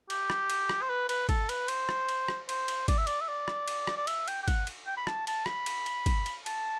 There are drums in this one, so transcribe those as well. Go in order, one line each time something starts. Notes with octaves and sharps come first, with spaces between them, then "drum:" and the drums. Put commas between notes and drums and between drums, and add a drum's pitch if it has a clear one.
G4, drum: cymbal
drum: rim click
drum: cymbal
drum: rim click
C5
B4
B4, drum: cymbal
A4, drum: kick, cymbal
B4, drum: cymbal
C5, drum: cymbal
drum: rim click
drum: cymbal
drum: rim click
C5, drum: cymbal
drum: cymbal
D5, drum: kick, cymbal
E5
D5, drum: cymbal
E5
D5
drum: rim click
drum: cymbal
drum: rim click
D5
E5, drum: cymbal
G5, drum: cymbal
G5
F#5, drum: kick, cymbal
drum: cymbal
G5
B5
A5, drum: rim click
A5, drum: cymbal
B5, drum: rim click
drum: cymbal
drum: cymbal
drum: kick, cymbal
drum: cymbal
A5, drum: cymbal